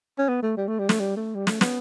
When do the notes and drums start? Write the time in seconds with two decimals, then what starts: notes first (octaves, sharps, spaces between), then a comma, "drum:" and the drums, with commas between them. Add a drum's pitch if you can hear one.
0.19 C#4
0.29 B3
0.43 A3
0.57 G3
0.68 A3
0.79 G3
0.89 A3, drum: snare
1.00 G3
1.17 A3
1.35 G3
1.47 A3, drum: snare
1.61 B3, drum: snare